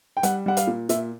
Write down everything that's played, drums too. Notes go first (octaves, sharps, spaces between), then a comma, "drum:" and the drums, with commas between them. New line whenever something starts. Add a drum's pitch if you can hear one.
G5
G3 F#5, drum: hi-hat
G3 F#5
F5, drum: hi-hat
A#2
A#2 E5, drum: hi-hat